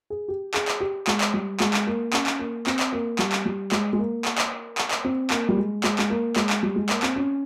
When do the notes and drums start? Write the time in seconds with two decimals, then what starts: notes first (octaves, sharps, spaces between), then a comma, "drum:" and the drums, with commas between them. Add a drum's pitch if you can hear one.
0.10 G#4
0.28 G4
0.54 G#4, drum: clap
0.68 drum: clap
0.81 G4
1.07 G#3, drum: clap
1.21 drum: clap
1.34 G3
1.60 G#3, drum: clap
1.74 drum: clap
1.87 A#3
2.13 C#4, drum: clap
2.27 drum: clap
2.39 A#3
2.67 C4, drum: clap
2.79 drum: clap
2.93 A#3
3.19 G3, drum: clap
3.32 drum: clap
3.46 G3
3.72 G#3, drum: clap
3.93 G#3
3.99 A#3
4.25 drum: clap
4.38 drum: clap
4.78 drum: clap
4.91 drum: clap
5.05 C4
5.30 A#3, drum: clap
5.49 G3
5.57 G#3
5.84 G#3, drum: clap
5.99 G#3, drum: clap
6.10 A#3
6.36 G#3, drum: clap
6.50 drum: clap
6.63 G3
6.76 G#3
6.89 A#3, drum: clap
7.03 C4, drum: clap
7.16 C#4